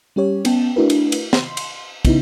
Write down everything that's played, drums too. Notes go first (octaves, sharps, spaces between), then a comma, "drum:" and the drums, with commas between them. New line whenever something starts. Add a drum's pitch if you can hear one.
G3 C#4 G4 C#5
B3 C#4 G5 A5, drum: cymbal
A3 D4 E4 F#4 A#4 B4
drum: cymbal
drum: cymbal
C6, drum: snare
drum: cymbal
C#3 B3 D#4 E4, drum: kick, cymbal